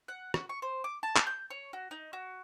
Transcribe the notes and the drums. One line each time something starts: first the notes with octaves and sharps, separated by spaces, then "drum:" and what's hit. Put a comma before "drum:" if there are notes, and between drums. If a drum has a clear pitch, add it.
F#5
F#4, drum: rim click
C#6
C5
D6
A5
drum: clap
G6
C#5
F#4
D#4
F#4